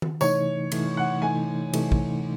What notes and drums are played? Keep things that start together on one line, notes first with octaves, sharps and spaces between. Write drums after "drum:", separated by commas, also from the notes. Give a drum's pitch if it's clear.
drum: tom D#3
C3 E3 A3 D#4 C#5, drum: tambourine
C3 E3 A3 D#4, drum: cymbal
F#5
C3 E3 A3 D#4 G#5
C3 E3 A3 D#4, drum: cymbal
drum: kick